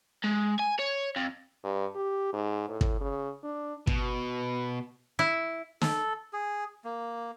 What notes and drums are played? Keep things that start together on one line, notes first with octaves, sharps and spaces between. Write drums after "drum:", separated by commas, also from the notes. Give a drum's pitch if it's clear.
G#3
G#5
C#5
F2
G2
G4
G#2
A2
drum: kick
C#3
D4
B2, drum: kick
E4
A4, drum: snare
G#4
A#3